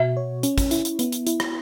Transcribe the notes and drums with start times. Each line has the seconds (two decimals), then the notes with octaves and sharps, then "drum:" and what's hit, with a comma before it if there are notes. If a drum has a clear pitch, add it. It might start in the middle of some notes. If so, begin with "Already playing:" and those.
Already playing: B2 F#4 E5
0.17 C#5
0.43 C#4, drum: hi-hat
0.58 drum: kick, hi-hat
0.71 E4, drum: hi-hat
0.85 drum: hi-hat
0.99 B3, drum: hi-hat
1.12 drum: hi-hat
1.27 E4, drum: hi-hat
1.40 drum: rim click